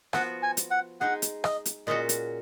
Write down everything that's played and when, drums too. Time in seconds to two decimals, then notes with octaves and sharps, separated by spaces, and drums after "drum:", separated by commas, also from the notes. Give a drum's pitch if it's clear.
0.13 F3 B3 F#4 F#5, drum: rim click
0.43 G#5
0.57 drum: hi-hat
0.71 F#5
1.01 G#3 D#4 G#4 F#5
1.22 drum: hi-hat
1.44 D#5, drum: rim click
1.66 drum: hi-hat
1.87 A#2 G#3 C#4 F#4 D#5
2.09 drum: hi-hat